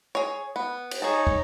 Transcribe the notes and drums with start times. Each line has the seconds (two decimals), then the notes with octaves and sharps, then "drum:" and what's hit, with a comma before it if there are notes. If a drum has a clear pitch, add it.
0.15 G#4 C#5
0.56 B3
0.91 drum: cymbal
1.02 D#4 G#4 C#5 A5
1.27 drum: kick